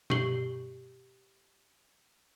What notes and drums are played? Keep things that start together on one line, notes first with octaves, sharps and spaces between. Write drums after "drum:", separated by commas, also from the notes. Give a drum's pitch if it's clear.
G4 C#6 G6 C7 F#7 G7, drum: tom B2